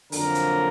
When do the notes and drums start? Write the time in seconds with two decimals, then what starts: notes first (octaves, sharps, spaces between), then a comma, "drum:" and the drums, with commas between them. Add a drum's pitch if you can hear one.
0.12 F2 D3 F#3 A#3 D4 A#4, drum: open hi-hat
0.35 drum: hi-hat